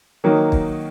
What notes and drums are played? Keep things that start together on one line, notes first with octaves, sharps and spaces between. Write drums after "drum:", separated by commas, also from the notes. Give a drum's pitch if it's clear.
D#3 F#3 A#3 D#4
drum: kick